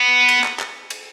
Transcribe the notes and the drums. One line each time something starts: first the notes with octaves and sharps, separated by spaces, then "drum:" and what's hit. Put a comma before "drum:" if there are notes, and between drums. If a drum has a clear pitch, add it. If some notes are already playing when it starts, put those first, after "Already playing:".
Already playing: B3
drum: cymbal
drum: clap
drum: clap
drum: cymbal